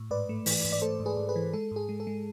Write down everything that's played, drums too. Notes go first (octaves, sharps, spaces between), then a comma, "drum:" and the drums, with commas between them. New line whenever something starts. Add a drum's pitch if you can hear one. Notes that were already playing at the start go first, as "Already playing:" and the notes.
Already playing: A2
G#2 B4 D5
A3
E3, drum: open hi-hat
G#2
D5
A3 A4 C5
G#2
G#4 B4
G#2
G#4 B4
E3
G#3 A4
G#2 G#4
G#3
A4
G#3